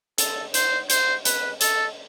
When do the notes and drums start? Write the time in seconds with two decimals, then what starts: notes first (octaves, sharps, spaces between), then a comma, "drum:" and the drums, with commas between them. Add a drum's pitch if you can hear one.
0.18 A4, drum: hi-hat
0.54 C5, drum: hi-hat
0.90 C5, drum: hi-hat
1.25 B4, drum: hi-hat
1.61 A4, drum: hi-hat